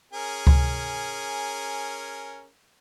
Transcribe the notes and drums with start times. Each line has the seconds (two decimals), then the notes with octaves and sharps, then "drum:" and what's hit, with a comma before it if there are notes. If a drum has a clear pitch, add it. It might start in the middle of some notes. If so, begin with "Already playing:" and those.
0.13 C#4 G#4 A#4
0.47 drum: kick C#2